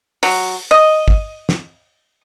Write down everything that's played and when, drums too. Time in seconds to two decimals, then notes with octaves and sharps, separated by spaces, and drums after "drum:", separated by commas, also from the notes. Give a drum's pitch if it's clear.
0.23 F#3, drum: open hi-hat
0.71 D#5
1.08 drum: kick
1.49 drum: snare